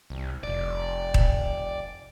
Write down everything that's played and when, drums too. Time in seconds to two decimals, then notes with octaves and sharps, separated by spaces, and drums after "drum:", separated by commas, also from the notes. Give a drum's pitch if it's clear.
0.10 C2
0.43 F1 D5
1.14 drum: kick D#1